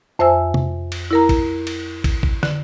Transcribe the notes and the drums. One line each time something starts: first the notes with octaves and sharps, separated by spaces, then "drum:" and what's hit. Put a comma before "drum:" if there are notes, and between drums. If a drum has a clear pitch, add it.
F2 C5 E5 G#5 E6
drum: tom C3
drum: cymbal
E4 A#4 A#5
drum: kick, cymbal
drum: cymbal
drum: kick, cymbal
drum: kick
D3, drum: snare